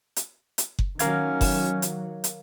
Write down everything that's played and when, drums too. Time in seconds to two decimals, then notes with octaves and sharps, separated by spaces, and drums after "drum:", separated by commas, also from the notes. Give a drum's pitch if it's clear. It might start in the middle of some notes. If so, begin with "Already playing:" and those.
0.16 drum: hi-hat
0.58 drum: hi-hat
0.79 drum: kick F#1
0.99 D#3 F#3 C#4 A#4 F5 G#6, drum: hi-hat
1.41 drum: kick F#1, open hi-hat
1.82 drum: hi-hat
2.24 drum: hi-hat